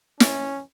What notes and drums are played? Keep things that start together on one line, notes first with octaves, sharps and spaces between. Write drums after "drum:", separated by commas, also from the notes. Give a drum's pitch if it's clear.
C#4, drum: snare